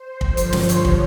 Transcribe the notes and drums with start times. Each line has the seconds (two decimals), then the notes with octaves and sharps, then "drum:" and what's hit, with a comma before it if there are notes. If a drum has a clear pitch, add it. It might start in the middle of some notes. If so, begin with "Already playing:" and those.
Already playing: C5
0.21 G2 D3 F3, drum: kick
0.37 drum: hi-hat
0.53 C#5, drum: snare
0.69 drum: hi-hat
0.85 drum: kick